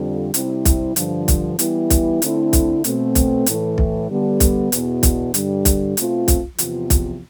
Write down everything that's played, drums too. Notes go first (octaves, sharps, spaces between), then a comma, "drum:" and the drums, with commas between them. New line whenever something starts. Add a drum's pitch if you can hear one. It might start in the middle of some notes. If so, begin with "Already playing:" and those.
Already playing: F2 D3 G3
C3 G3 C4 E4, drum: hi-hat
drum: kick B1, hi-hat
G2 D3 F3, drum: hi-hat
drum: kick B1, hi-hat
E3 G3 B3 E4, drum: hi-hat
drum: kick B1, hi-hat
D3 A3 C4 E4, drum: hi-hat
drum: kick B1, hi-hat
B2 A3 C4, drum: hi-hat
drum: kick B1, hi-hat
A2 E3 A3, drum: hi-hat
drum: kick B1
D3 G3 B3
drum: kick B1, hi-hat
E2 B2 B3, drum: hi-hat
drum: kick B1, hi-hat
G2 D3 G3, drum: hi-hat
drum: kick B1, hi-hat
B2 A3 C4 F4, drum: hi-hat
drum: kick B1, hi-hat
E2 C3 F3 B3 F4, drum: hi-hat
drum: kick B1, hi-hat